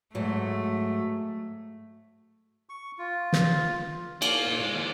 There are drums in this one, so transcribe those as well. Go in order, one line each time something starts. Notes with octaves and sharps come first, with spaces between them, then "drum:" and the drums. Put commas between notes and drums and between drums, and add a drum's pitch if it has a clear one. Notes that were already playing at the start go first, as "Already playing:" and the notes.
G#2 F#3 A3
C#6
F4
drum: snare
A#3, drum: cymbal
A#2
G#3
D#2